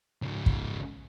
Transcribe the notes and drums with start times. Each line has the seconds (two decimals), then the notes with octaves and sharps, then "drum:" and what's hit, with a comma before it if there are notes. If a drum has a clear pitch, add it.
0.22 G#2 C#3
0.46 drum: kick